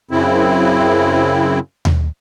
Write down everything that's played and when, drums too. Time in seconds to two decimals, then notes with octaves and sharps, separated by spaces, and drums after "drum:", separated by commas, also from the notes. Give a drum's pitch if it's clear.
0.11 F#2 C#3 C4 E4
1.85 drum: tom D#2